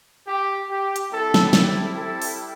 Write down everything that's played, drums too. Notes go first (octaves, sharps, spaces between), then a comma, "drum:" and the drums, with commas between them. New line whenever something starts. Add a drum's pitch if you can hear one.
G4
G4
drum: hi-hat
G3 C4 E4 A4
drum: snare
A4, drum: snare
A4
drum: open hi-hat